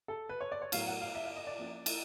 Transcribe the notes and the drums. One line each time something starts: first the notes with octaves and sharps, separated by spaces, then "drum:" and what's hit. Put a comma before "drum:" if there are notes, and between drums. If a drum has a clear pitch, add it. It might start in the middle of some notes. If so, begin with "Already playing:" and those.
A4
B4
C#5
D5
C#5
A2 F#3 B3 F5, drum: cymbal
F#5
F5
E5
F5
D#5
D5
F3 A#3 C#4
drum: cymbal